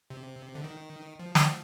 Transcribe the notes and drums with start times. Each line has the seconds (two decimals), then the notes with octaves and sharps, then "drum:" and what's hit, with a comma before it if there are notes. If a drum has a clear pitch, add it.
0.10 C3
0.55 D3
0.64 D#3
1.19 F3
1.35 drum: snare